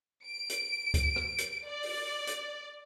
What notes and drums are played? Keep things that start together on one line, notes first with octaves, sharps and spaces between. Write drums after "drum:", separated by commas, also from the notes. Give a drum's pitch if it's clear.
D7
drum: hi-hat
drum: kick C#2, hi-hat
drum: rim click
drum: hi-hat
D5
drum: open hi-hat
drum: hi-hat